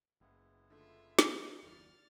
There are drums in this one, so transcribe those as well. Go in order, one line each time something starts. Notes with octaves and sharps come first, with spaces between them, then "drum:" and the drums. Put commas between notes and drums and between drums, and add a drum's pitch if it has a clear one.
F#1 G#3 B3 E4
D3 A3 F4 E5
drum: snare
F#1 D#2 F#3 D5 F6 A6